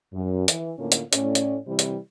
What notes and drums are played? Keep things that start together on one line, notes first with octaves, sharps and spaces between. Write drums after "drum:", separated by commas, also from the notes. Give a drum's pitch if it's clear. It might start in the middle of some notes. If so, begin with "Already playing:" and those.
F#2
E3, drum: hi-hat
A2 D3 A#3 C#4 F4
drum: hi-hat
A2 C#4 D5, drum: hi-hat
drum: hi-hat
C3 E3 G3 C4 E4 C5
drum: hi-hat